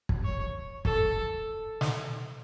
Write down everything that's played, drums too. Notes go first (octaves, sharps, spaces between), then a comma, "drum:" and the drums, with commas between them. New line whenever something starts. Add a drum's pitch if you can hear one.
drum: kick
C#5
A4, drum: kick
drum: snare